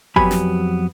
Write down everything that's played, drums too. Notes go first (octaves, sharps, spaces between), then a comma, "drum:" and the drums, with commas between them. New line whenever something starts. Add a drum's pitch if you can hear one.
F2 F#3 B3 G4 G#5 B5, drum: kick G1
drum: snare